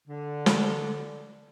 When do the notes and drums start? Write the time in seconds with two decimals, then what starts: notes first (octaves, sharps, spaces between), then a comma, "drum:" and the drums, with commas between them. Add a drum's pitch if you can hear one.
0.08 D3
0.46 drum: snare